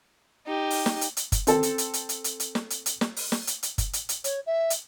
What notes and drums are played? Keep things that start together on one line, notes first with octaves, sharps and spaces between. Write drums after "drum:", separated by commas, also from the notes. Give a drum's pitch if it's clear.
D#4 G4
drum: open hi-hat
drum: snare
drum: hi-hat
drum: hi-hat
drum: kick F#1, hi-hat
C4 A4, drum: hi-hat
drum: hi-hat
drum: hi-hat
drum: hi-hat
drum: hi-hat
drum: hi-hat
drum: hi-hat
drum: snare
drum: hi-hat
drum: hi-hat
drum: snare
drum: open hi-hat
drum: snare
drum: hi-hat
drum: hi-hat
drum: kick F#1, hi-hat
drum: hi-hat
drum: hi-hat
C#5, drum: hi-hat
E5
drum: hi-hat